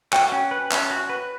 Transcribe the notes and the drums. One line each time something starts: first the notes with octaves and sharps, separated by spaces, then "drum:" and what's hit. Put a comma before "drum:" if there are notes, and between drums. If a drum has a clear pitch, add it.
F#4 G5, drum: clap
C#4
B4
C#4, drum: clap
F#4
B4